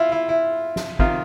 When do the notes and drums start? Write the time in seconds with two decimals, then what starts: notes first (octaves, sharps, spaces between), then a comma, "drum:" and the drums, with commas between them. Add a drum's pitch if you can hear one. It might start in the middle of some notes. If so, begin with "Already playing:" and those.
Already playing: E4 F4
0.12 E4
0.29 E4
0.76 drum: snare
0.99 C3 D#3 F4, drum: kick